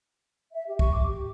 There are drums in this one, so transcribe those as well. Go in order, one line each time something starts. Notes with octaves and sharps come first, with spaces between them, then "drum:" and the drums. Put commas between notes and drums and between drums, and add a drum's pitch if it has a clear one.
E5
G4
C#6, drum: kick
D6
G4